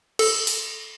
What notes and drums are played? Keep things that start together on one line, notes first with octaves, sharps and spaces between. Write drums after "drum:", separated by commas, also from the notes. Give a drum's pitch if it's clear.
A4, drum: cymbal
drum: open hi-hat